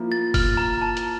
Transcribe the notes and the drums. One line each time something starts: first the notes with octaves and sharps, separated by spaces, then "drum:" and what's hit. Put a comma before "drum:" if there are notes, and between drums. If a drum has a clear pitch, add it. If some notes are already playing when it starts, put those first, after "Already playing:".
Already playing: F3 A#3 E4
A6
F6, drum: kick F1, open hi-hat
A#5
A5
drum: hi-hat